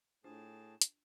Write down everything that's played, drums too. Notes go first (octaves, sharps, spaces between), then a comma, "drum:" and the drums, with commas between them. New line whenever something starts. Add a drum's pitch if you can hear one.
A2 D4 F4 G#4 C5 A5
drum: hi-hat